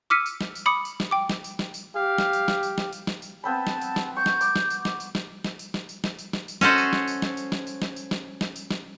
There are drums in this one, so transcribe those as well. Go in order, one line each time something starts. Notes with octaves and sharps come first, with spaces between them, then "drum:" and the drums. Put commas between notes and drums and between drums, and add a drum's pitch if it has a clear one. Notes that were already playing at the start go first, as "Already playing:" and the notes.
D6 E6 F6 B6 C#7 D#7
drum: tambourine
drum: snare
drum: tambourine
B5 D6 D#6 C#7
drum: tambourine
drum: snare
G5 D6
drum: snare
drum: tambourine
drum: snare
drum: tambourine
G4 F5
drum: snare
drum: tambourine
drum: snare
drum: tambourine
drum: snare
drum: tambourine
drum: snare
drum: tambourine
B3 C4 A5 B5
drum: snare
drum: tambourine
drum: snare
C#6 G6
drum: snare
D6, drum: tambourine
drum: snare
drum: tambourine
drum: snare
drum: tambourine
drum: snare
drum: snare
drum: tambourine
drum: snare
drum: tambourine
drum: snare
drum: tambourine
drum: snare
drum: tambourine
C#4 F#4 A4 C5 D#5, drum: snare
drum: tambourine
drum: snare
drum: tambourine
drum: snare
drum: tambourine
drum: snare
drum: tambourine
drum: snare
drum: tambourine
drum: snare
drum: snare
drum: tambourine
drum: snare